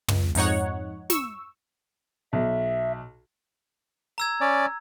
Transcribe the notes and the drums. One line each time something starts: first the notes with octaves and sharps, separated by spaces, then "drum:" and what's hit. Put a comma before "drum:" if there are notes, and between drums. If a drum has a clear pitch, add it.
C#2, drum: tom
F2 G#2 D#4 C#5 F#5, drum: open hi-hat
C#6 E6, drum: snare
B1 E5
A#5 E6 G#6
C#4 D5